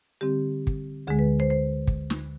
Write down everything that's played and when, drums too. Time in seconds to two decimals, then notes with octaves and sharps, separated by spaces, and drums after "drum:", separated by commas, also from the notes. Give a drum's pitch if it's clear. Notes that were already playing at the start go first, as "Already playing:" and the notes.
0.21 D3 G3 C4 G4
0.67 drum: kick
1.07 D2 D3 G#3 G#4
1.19 B4
1.40 C5
1.50 C5
1.87 drum: kick
2.10 drum: snare